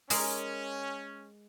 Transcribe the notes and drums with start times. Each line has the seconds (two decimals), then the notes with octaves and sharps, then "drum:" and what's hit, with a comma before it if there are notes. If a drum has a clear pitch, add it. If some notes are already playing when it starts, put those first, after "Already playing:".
0.10 G#3 C#4 G#4 A#4, drum: open hi-hat